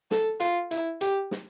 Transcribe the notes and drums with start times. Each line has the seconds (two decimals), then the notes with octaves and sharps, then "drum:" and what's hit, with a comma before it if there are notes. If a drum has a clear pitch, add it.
0.11 A4, drum: snare
0.40 F4, drum: hi-hat
0.71 E4, drum: hi-hat
1.01 G4, drum: hi-hat
1.31 drum: snare